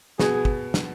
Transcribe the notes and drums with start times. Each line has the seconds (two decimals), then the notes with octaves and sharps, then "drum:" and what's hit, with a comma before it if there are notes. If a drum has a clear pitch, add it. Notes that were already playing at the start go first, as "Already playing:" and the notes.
0.19 B2 B3 G#4, drum: snare
0.45 drum: kick
0.74 drum: snare